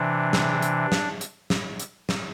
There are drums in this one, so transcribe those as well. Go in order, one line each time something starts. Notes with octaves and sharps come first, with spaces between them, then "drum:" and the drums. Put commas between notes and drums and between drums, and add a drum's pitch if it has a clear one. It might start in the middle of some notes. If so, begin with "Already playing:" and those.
Already playing: C3 E3 D4
drum: snare
drum: hi-hat
drum: snare
drum: hi-hat
drum: snare
drum: hi-hat
drum: snare